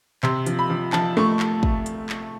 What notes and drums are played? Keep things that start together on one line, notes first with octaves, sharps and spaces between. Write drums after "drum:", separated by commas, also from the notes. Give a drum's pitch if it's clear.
C3 C6, drum: clap
F3, drum: hi-hat
B5
F3
F3 A5, drum: clap
A3 C#6
drum: clap
drum: kick
drum: hi-hat
drum: clap